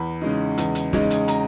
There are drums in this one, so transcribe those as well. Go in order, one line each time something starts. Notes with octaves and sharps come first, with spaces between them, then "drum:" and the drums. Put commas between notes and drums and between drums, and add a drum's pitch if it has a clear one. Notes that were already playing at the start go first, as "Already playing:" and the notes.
Already playing: E2 B5
C#3 G#3 D#4
E2, drum: hi-hat
drum: hi-hat
C#3 G#3 D#4, drum: snare
drum: hi-hat
A#5, drum: hi-hat